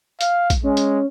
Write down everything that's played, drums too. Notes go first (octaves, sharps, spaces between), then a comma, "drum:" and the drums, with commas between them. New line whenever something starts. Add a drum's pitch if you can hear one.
F5, drum: hi-hat
drum: kick, hi-hat
G#3 C#4
drum: hi-hat